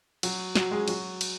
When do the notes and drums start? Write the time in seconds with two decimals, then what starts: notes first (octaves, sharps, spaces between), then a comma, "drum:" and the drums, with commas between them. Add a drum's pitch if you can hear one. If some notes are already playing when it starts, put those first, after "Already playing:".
0.23 F#3 F#4, drum: cymbal
0.55 F#3 F#4, drum: snare
0.71 G#3 G#4
0.88 F#3 F#4, drum: cymbal
1.21 drum: cymbal